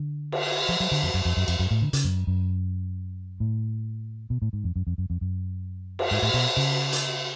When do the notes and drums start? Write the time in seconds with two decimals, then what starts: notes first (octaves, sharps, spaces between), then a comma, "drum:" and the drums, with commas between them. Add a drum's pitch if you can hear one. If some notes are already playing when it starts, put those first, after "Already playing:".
Already playing: D3
0.32 drum: cymbal
0.69 F3
0.80 F#3
0.91 D3
1.03 F2
1.14 F#2
1.25 F2
1.37 F#2
1.48 F2, drum: cymbal
1.59 F#2
1.71 A2
1.82 D3
1.93 C#3, drum: hi-hat
2.04 F#2
2.27 F#2
3.40 A2
4.30 B2
4.42 A2
4.53 G#2
4.64 F2
4.76 F#2
4.87 F2
4.98 F#2
5.10 F2
5.21 F#2
5.99 drum: cymbal
6.11 G#2
6.22 A2
6.34 B2
6.57 C#3
6.92 drum: hi-hat